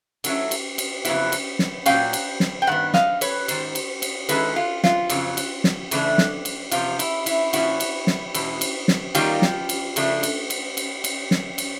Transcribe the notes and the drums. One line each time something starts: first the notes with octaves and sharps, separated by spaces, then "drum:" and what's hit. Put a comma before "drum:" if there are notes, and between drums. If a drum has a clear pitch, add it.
D3 F#3 A3 C#4 E4, drum: cymbal
drum: cymbal
drum: cymbal
F2 C#3 F#3 B3 E4, drum: cymbal
drum: cymbal
drum: snare
A#2 F#3 A#3 C#4 F5 G5, drum: cymbal
drum: cymbal
drum: snare
G5
G2 D#3 B3 F#5
D#5 F5, drum: snare
B4 C#5, drum: cymbal
G#2 D#3 C5, drum: cymbal
drum: cymbal
drum: cymbal
D#3 G#3 C#4 E4 A4 B4, drum: cymbal
F4
F4, drum: snare
F2 C#3 F#3, drum: cymbal
drum: cymbal
drum: snare
C#3 E3 A3 D4, drum: cymbal
drum: snare
drum: cymbal
E2 C3 F3 F4, drum: cymbal
E4, drum: cymbal
E4, drum: cymbal
A#2 F3 A#3 C#4 E4 F#4, drum: cymbal
drum: cymbal
drum: snare
E2 B2 G#3, drum: cymbal
drum: cymbal
drum: snare
D#3 G3 A#3 D#4 F4 G4, drum: cymbal
drum: snare
drum: cymbal
C#3 F3 A3 D4, drum: cymbal
drum: cymbal
drum: cymbal
drum: cymbal
drum: cymbal
drum: snare
drum: cymbal